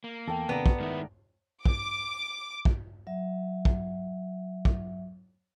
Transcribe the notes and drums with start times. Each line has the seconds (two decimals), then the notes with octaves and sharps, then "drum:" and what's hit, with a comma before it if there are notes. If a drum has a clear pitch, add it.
0.04 A#3
0.28 E2 A4 G5
0.49 D#2 C3 B3 D4 D5 A#5
0.66 drum: kick
0.80 D#3 G#3 A3 E4
1.65 D6, drum: kick
2.65 drum: kick
3.07 F#3 E5
3.65 drum: kick
4.65 drum: kick